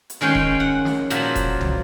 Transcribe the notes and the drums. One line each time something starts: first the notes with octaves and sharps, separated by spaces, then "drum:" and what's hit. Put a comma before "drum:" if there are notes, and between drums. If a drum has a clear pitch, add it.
drum: hi-hat
D#3 G#3 C#4 G5 C6
drum: kick E1
F#5
drum: snare
A#2 F3 F#3, drum: hi-hat
drum: kick E1, hi-hat
drum: tom